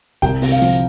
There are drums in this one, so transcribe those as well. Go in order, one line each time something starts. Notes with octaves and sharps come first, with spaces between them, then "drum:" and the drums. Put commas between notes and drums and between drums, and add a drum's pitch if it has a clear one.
C2 G5, drum: kick, hi-hat
C3, drum: open hi-hat
F5
F3, drum: hi-hat